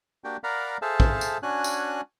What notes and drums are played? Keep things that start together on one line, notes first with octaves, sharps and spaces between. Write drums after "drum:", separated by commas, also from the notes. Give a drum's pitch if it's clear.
A#3 D4 F#4 G4 G5
A#4 D5 F5 F#5 A#5 B5
G#4 A4 C5 E5 F5 A5
drum: kick
drum: tambourine
C#4 D4 F#4 G#5 F#6
drum: tambourine